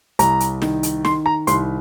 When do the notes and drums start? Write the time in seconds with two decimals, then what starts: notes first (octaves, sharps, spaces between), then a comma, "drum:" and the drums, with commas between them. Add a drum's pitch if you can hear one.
0.19 C2 A#5, drum: hi-hat
0.40 drum: hi-hat
0.62 D#3, drum: snare
0.83 drum: hi-hat
1.05 D#3 C6, drum: snare
1.26 A#5
1.47 C2 C6, drum: hi-hat